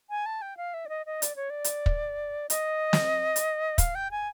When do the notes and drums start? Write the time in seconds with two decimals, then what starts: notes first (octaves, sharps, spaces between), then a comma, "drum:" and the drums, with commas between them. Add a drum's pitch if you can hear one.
0.10 G#5
0.26 A5
0.42 G5
0.57 F5
0.74 E5
0.86 D5
0.89 D#5
1.06 D#5
1.22 D5, drum: hi-hat
1.36 C#5
1.50 D5
1.64 drum: hi-hat
1.86 drum: kick
2.50 D#5, drum: hi-hat
2.93 drum: snare
3.36 drum: hi-hat
3.78 F5, drum: kick, hi-hat
3.95 G5
4.11 G#5